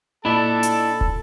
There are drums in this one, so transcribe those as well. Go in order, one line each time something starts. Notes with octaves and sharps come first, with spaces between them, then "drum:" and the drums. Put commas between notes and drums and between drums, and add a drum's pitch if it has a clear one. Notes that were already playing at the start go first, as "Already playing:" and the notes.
A#2 D4 E4 A4 D#5 A5 B5
drum: hi-hat
drum: kick